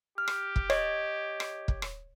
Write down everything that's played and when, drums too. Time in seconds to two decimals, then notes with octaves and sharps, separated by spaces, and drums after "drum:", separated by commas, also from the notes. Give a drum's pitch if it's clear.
0.18 G4 F6
0.28 drum: rim click
0.56 drum: kick
0.70 C#5 D#5, drum: rim click
1.40 drum: rim click
1.68 drum: kick
1.82 drum: rim click